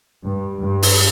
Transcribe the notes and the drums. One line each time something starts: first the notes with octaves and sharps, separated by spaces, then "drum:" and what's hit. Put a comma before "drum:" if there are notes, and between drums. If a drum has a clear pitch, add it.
G2
G2
drum: open hi-hat